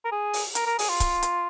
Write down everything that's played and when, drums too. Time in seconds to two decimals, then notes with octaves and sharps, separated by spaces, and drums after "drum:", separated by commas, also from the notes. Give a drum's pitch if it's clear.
0.04 A#4
0.12 G#4
0.33 drum: open hi-hat
0.55 A#4, drum: hi-hat
0.66 A#4
0.79 G#4, drum: open hi-hat
0.89 F4
1.00 drum: kick C#1, hi-hat
1.23 drum: hi-hat